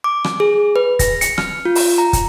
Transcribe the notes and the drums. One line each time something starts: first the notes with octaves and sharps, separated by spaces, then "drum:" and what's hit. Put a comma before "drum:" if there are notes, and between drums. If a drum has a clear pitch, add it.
D6
drum: rim click
G#4
B4
A#6, drum: kick, hi-hat
C#7, drum: hi-hat
F6, drum: rim click
F4
drum: open hi-hat
A#5
drum: kick, hi-hat